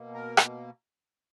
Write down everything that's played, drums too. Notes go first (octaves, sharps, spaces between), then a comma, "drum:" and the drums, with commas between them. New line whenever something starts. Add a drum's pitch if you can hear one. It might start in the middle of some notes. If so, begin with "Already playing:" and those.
Already playing: B2 A#3
A#4
drum: rim click